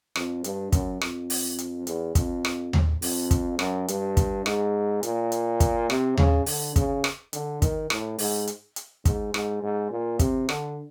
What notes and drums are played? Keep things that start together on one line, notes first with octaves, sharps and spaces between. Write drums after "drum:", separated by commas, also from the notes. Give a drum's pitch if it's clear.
F2, drum: rim click
G2, drum: hi-hat
F#2, drum: kick, hi-hat
F2, drum: rim click
drum: open hi-hat
drum: hi-hat
E2, drum: hi-hat
F2, drum: kick, hi-hat
drum: rim click
drum: tom D#2
F2, drum: open hi-hat
drum: kick, hi-hat
F#2, drum: rim click
G2, drum: hi-hat
drum: kick, hi-hat
G#2, drum: rim click
A#2, drum: hi-hat
drum: hi-hat
drum: kick, hi-hat
C3, drum: rim click
C#3, drum: tom D#2
D3, drum: open hi-hat
C#3, drum: kick, hi-hat
drum: rim click
D3, drum: hi-hat
D#3, drum: kick, hi-hat
A2, drum: rim click
G#2, drum: open hi-hat
drum: hi-hat
drum: hi-hat
G#2, drum: kick, hi-hat
G#2, drum: rim click
G#2
A#2
C3, drum: kick, hi-hat
D3, drum: rim click